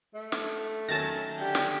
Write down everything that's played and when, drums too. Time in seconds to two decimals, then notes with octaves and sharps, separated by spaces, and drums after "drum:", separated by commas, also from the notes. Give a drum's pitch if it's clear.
0.15 A3
0.32 drum: snare
0.89 D#3 F#3 C#4 A5 A6 A#6
1.38 D3 G4
1.55 drum: snare